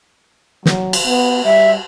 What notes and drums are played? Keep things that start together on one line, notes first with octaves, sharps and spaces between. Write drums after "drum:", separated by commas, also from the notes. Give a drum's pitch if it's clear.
F#3, drum: snare
drum: cymbal
B3
G3 E5